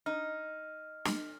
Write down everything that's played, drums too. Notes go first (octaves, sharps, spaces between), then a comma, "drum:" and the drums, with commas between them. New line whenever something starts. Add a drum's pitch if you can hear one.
D#4 F6
drum: snare